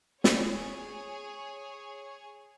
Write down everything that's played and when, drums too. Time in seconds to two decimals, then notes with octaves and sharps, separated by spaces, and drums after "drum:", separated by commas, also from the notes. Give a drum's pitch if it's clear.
0.24 G#4 C#5, drum: snare